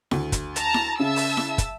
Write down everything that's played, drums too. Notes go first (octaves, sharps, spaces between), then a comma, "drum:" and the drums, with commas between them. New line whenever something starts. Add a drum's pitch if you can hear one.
D2, drum: snare E4
drum: kick, hi-hat
A5 A#5, drum: hi-hat
drum: snare E4
C#3 E5 A5 E6
drum: open hi-hat
drum: snare E4
drum: kick, hi-hat